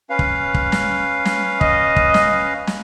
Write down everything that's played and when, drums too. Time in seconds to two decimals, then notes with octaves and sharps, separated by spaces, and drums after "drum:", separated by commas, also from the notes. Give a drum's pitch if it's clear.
0.10 C#4 B4 F5
0.19 drum: kick
0.54 drum: kick
0.72 drum: snare
1.25 drum: snare
1.61 D#5, drum: kick
1.96 drum: kick
2.14 drum: snare
2.67 drum: snare